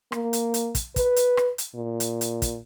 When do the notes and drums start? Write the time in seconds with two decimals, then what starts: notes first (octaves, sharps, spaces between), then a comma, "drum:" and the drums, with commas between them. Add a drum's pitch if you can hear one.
0.12 A#3, drum: rim click
0.33 drum: hi-hat
0.54 drum: hi-hat
0.75 drum: kick, hi-hat
0.96 B4, drum: kick, hi-hat
1.16 drum: hi-hat
1.37 drum: rim click
1.58 drum: hi-hat
1.75 A#2
2.00 drum: hi-hat
2.21 drum: hi-hat
2.42 drum: kick, hi-hat